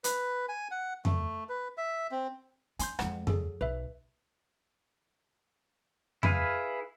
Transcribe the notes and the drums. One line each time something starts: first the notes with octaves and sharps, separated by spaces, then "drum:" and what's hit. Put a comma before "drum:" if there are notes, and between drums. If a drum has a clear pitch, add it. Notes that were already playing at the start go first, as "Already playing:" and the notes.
B4, drum: hi-hat
G#5
F#5
A3, drum: tom F2
B4
E5
C4
D4 G#5 C6 G6, drum: hi-hat
F2 G#3 F#5, drum: rim click
F#3 G#4 A4, drum: tom F2
B1 B4 E5
E4 G#4 B4 F5, drum: tom F2